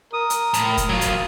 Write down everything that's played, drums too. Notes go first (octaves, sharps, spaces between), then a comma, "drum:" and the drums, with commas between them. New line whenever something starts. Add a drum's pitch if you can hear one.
A#4 D#6
drum: hi-hat
A2, drum: hi-hat
drum: kick F1, hi-hat
F#3 F4
drum: hi-hat